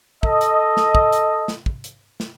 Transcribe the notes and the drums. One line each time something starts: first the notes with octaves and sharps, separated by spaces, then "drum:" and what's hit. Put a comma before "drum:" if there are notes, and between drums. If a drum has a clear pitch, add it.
A4 D#5, drum: kick
drum: hi-hat
drum: snare
drum: kick
drum: hi-hat
drum: snare
drum: kick
drum: hi-hat
drum: snare